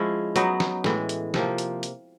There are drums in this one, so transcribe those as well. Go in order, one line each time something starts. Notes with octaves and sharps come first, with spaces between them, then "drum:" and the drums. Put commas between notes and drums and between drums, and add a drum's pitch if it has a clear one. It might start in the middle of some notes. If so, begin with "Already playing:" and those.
Already playing: F3 G#3 C#4 E4
F#3 B3 D#4, drum: hi-hat
drum: snare
A2 E3 G#3, drum: snare
drum: hi-hat
C3 F3 A#3, drum: snare
drum: hi-hat
drum: hi-hat